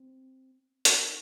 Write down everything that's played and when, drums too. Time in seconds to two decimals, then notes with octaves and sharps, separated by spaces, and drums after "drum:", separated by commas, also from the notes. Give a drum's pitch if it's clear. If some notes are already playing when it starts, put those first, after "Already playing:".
Already playing: C4
0.85 D#4, drum: hi-hat